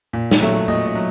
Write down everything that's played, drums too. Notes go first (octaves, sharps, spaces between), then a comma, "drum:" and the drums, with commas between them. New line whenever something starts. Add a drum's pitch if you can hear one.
A#2
drum: snare
F#3 A3
A#2 D#5
D#5
F#3